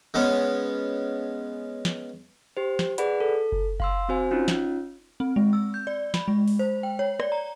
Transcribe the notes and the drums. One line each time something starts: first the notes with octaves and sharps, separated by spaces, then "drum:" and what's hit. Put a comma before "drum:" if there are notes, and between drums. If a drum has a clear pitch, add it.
G#3 B3 C#4
drum: snare
G4 C5
drum: snare
G#4 B4 D5 F#5 B5, drum: hi-hat
A4
drum: kick F#1
F5 C6 E6, drum: kick F#1
C4 F#4 C5 G#5
C#4 D#4 F4
drum: snare
C4
G#3
E6
G6
D5
B5, drum: snare
G#3
drum: open hi-hat
C5
G5
C#5
D5, drum: rim click
A#5